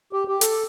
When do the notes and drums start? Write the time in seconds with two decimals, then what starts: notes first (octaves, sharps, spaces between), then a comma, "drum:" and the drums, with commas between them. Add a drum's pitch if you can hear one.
0.13 G4
0.28 G4
0.41 A4, drum: hi-hat